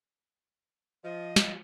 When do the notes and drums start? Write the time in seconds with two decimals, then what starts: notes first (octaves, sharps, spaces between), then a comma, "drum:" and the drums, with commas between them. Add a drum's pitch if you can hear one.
1.04 F3 D#5
1.36 drum: snare